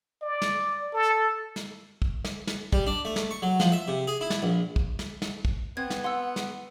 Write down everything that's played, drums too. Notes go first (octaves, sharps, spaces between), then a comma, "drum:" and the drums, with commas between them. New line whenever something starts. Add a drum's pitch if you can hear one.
D5
drum: snare
A4
drum: snare
drum: kick
drum: snare
drum: snare
G3, drum: kick
D4
A3
drum: snare
C#6
F#3
F3, drum: snare
E5
C3
G#4
E4
drum: snare
A#1
drum: kick
drum: snare
drum: snare
drum: kick
B3 C4 G#6
drum: snare
F#5 C6 E6
drum: snare